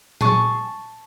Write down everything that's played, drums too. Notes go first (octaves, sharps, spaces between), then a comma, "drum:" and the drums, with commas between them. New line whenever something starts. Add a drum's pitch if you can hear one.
G#4 A5 C#6, drum: tom A#2